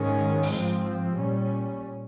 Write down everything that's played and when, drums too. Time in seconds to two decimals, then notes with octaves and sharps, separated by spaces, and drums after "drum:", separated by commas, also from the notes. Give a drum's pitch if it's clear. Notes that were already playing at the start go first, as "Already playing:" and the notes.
Already playing: G#2 D#3 G#3 C#4
0.43 drum: open hi-hat
0.52 G#2 F3 C4
1.16 A#2 G3 C#4